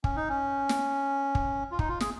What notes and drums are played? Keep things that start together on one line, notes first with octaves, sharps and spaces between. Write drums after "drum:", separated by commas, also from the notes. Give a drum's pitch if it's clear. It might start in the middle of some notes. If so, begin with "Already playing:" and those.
C#4, drum: kick
D#4
C#4
drum: snare
drum: kick
F4
D#4, drum: kick
F4
G#4, drum: snare